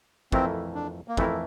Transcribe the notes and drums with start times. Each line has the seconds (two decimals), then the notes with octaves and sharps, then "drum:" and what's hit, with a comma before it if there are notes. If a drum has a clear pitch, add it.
0.32 F2 E3 A3 C4 E4 A#4, drum: kick
0.75 D4
1.08 A#3
1.17 F2 E3 A3 C4 E4 A#4, drum: kick